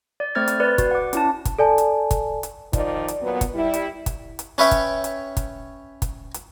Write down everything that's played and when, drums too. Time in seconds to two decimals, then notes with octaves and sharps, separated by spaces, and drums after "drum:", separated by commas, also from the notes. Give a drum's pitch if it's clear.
0.20 D5
0.35 A3 C4 C5 F6 G#6 A6
0.48 drum: hi-hat
0.60 B4 D5
0.78 F#4, drum: kick, hi-hat
0.91 F#5 D6
1.13 C#4 E4 A5, drum: hi-hat
1.45 drum: kick, hi-hat
1.59 A4 D5 G#5 A5
1.78 drum: hi-hat
2.11 drum: kick, hi-hat
2.43 drum: hi-hat
2.73 D#3 F3 D#4 D5, drum: kick, hi-hat
3.08 drum: hi-hat
3.22 A#2 F#3 B3
3.41 drum: kick, hi-hat
3.54 G3 E4
3.74 drum: hi-hat
4.06 drum: kick, hi-hat
4.39 drum: hi-hat
4.58 C#4 B4 C#5 E5 G5
4.71 drum: kick, hi-hat
5.04 drum: hi-hat
5.37 drum: kick, hi-hat
6.02 drum: kick, hi-hat
6.34 drum: hi-hat